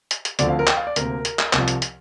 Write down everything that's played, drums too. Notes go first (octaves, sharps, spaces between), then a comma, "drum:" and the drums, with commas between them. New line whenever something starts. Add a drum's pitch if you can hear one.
drum: hi-hat
drum: hi-hat
D2 D3 F3 C4 D5, drum: hi-hat
F5
A#4
G5, drum: clap
F5
D5
D2 C3 A#3 A#4, drum: hi-hat
drum: hi-hat
drum: clap
C2 C3 F3, drum: clap
drum: hi-hat
drum: hi-hat